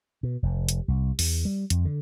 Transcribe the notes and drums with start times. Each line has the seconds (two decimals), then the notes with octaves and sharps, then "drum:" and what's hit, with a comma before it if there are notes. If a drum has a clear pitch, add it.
0.23 B2
0.43 F1
0.69 drum: hi-hat
0.88 C2
1.19 E2, drum: open hi-hat
1.45 G3
1.70 F2, drum: hi-hat
1.85 D3